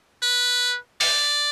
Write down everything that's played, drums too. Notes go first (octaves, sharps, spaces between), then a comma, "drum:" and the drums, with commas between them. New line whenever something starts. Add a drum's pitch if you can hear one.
B4
D5, drum: open hi-hat